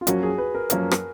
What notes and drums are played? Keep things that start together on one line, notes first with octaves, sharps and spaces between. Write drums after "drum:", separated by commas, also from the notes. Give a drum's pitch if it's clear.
F4
F#2 F3 A#3 C#4 F#4, drum: hi-hat
G#4
B4
A#4
F#2 F3 A#3 C#4 A#4, drum: hi-hat
drum: rim click